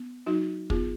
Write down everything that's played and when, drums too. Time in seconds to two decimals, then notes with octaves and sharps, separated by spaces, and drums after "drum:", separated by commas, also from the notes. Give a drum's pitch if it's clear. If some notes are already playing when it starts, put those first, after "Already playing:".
Already playing: B3
0.26 F#3 D#4 F#4
0.70 B3 F4 G#4, drum: kick